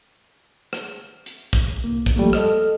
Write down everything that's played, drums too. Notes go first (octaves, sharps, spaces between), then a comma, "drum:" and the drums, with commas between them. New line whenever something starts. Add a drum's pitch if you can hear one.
drum: rim click
drum: hi-hat
drum: kick
C2 A#3
drum: kick
F3 G3 A3 A#3
A4 D#5 F6, drum: rim click